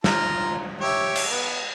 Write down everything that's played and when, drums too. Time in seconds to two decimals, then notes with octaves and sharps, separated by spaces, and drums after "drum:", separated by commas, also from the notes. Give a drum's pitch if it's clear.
0.04 F4 A#5, drum: snare
0.81 G4 C#5 E5
1.15 drum: cymbal
1.30 B3